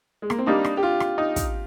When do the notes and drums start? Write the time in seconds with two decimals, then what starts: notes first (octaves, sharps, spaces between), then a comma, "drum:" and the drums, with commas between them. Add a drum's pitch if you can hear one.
0.22 G#3
0.30 A#3, drum: rim click
0.38 C4
0.46 G3 A#3 D4 D#4
0.65 drum: rim click
0.77 G4
0.83 F4
1.00 drum: rim click
1.18 D#4
1.36 drum: kick, hi-hat